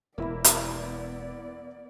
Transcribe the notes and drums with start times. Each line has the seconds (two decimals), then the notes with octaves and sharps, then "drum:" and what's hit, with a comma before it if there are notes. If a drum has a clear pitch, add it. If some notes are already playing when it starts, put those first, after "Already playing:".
0.18 E1 A#3 B3 E4 A#4 D5 E5 B5
0.44 drum: hi-hat